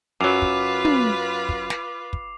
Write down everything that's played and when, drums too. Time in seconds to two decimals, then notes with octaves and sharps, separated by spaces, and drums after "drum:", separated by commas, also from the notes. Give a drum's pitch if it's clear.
0.21 F#2 F#3 F4 B4 D6 C7 F7
0.42 drum: kick
0.85 drum: tom
1.49 drum: kick
1.70 drum: snare
2.13 drum: kick